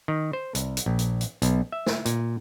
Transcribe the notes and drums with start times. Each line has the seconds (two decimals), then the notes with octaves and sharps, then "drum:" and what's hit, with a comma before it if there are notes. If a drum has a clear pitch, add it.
0.08 D#3
0.33 C5
0.55 C2, drum: hi-hat
0.77 drum: hi-hat
0.86 A#1
0.99 drum: hi-hat
1.21 drum: hi-hat
1.42 B1, drum: hi-hat
1.72 E5
1.86 drum: snare
2.05 A#2, drum: hi-hat